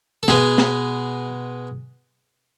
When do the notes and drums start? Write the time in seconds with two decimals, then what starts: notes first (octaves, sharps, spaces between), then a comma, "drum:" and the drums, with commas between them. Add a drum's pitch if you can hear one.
0.23 A4
0.28 B2 G#3 B3 G#4, drum: snare
0.58 drum: snare